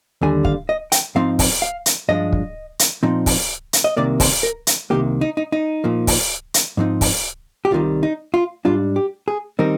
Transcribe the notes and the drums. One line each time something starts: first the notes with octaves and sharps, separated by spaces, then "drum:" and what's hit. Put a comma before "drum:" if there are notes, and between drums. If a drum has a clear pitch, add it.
D#2 D3 G3 G#5
F5, drum: kick
D#5
G5, drum: hi-hat
G#2 F3 C4 D#4 F5
drum: kick, open hi-hat
F5
drum: hi-hat
G2 F3 G#3 D4 D#5
drum: kick
drum: hi-hat
A#2 F3 C4 D#4
drum: kick, open hi-hat
drum: hi-hat
D#5
C2 C3 D#3 A#3 D5
C5, drum: kick, open hi-hat
A#4
drum: hi-hat
C2 C3 D#3 A#3 G4
D#4
D#4
D#4
A#2 F3 A#3
drum: kick, open hi-hat
drum: hi-hat
G#2 F3 C4 D#4
drum: kick, open hi-hat
G4
C2 C3 D#3 G3 F4
D#4
F4
G#2 G3 D4 F4
G4
G#4
D#3 G3 C4 D#4 A#4